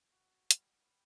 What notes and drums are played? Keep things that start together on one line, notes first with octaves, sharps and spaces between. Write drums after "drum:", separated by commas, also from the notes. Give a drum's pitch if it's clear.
F#4
G3, drum: hi-hat